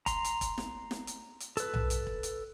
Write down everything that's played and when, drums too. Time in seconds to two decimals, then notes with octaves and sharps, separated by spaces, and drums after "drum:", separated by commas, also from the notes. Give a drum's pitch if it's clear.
0.06 A#5 C6, drum: kick E1, hi-hat
0.24 drum: hi-hat
0.41 drum: kick E1, hi-hat
0.58 drum: snare
0.91 drum: snare
1.07 drum: hi-hat
1.40 drum: hi-hat
1.57 A4 B4, drum: hi-hat
1.73 drum: tom B1
1.90 drum: hi-hat
2.07 drum: kick E1
2.23 drum: hi-hat